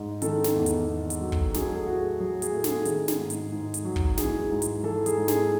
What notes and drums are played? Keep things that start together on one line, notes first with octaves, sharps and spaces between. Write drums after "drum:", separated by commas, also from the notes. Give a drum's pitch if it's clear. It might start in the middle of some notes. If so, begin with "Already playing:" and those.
Already playing: G#2
D#3 A4, drum: hi-hat
drum: snare
E2
drum: hi-hat
E2
drum: hi-hat
F#3
drum: kick
F#3 G#4, drum: snare
A4
G#4
A2 F#4
F#3 G#4
G#4, drum: hi-hat
A2 A4
G#4, drum: snare
D#3, drum: hi-hat
drum: snare
G#2
drum: hi-hat
G#2
drum: hi-hat
F#3
drum: kick
E3 G#4, drum: snare
G#2
drum: hi-hat
E3 A4
G#4, drum: hi-hat
G#2
G#4, drum: snare